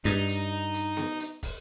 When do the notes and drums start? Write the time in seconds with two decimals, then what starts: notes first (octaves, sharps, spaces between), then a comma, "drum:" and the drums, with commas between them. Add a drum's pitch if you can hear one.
0.05 G2 D#4, drum: hi-hat
0.28 drum: hi-hat
0.74 drum: hi-hat
0.97 drum: snare B3
1.20 drum: hi-hat
1.43 drum: kick, open hi-hat